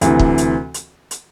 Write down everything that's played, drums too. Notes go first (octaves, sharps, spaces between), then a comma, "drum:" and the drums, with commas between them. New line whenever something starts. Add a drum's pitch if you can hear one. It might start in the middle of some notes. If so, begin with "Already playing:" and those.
D2 C3 E3, drum: hi-hat
drum: kick
drum: hi-hat
drum: hi-hat
drum: hi-hat